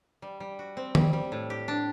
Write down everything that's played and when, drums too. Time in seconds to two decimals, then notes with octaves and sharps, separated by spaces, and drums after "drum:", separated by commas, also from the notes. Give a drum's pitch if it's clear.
0.22 G3
0.40 G3
0.59 F#4
0.77 C4
0.95 G3, drum: tom D#3
1.13 G3
1.32 A2
1.50 G4
1.68 D4